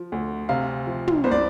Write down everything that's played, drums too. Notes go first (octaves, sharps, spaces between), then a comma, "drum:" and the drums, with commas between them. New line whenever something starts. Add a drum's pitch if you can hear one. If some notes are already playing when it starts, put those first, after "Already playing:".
Already playing: F3
D2
C3 F5
F3
drum: tom
C2 C5
D5